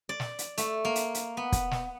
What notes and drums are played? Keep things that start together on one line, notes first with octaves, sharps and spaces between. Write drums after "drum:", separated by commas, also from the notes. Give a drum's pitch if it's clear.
D5
drum: snare
drum: hi-hat
A3, drum: hi-hat
A#3
drum: hi-hat
drum: hi-hat
B3
drum: kick, hi-hat
drum: snare